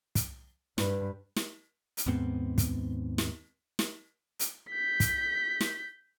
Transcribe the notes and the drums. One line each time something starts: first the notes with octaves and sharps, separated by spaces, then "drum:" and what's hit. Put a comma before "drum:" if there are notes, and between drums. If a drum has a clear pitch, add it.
drum: kick, hi-hat
G2 B4, drum: snare
drum: snare
drum: hi-hat
D#2 G#2 B3 C4
drum: kick, hi-hat
drum: snare
drum: snare
drum: hi-hat
G6 B6
drum: kick, hi-hat
drum: snare